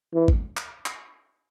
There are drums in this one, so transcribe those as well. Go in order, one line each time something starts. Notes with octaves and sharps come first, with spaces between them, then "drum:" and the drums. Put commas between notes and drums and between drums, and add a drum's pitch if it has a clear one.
E3
drum: kick G#1
drum: clap
drum: clap